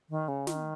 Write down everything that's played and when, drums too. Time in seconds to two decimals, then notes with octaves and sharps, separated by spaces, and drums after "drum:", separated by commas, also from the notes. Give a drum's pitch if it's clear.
0.10 D#3
0.28 C#3
0.47 D#3, drum: snare